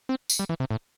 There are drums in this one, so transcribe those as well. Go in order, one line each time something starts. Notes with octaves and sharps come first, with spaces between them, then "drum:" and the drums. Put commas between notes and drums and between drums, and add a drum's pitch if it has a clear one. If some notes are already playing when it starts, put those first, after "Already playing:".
C4
drum: tambourine
G3
E3
C3
A2